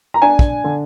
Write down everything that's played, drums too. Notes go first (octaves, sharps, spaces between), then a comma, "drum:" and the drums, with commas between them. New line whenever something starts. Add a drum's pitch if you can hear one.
A#5
D4 G#5
drum: kick
D3